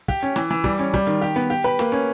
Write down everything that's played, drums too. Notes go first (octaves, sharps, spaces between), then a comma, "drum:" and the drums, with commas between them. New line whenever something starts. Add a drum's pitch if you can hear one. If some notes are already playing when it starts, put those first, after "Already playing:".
G4, drum: kick
C#4
E3, drum: snare
E3
G3, drum: kick
C#4
G3, drum: kick
D#3
G4
B3
G4
B4
A#3, drum: snare
C#4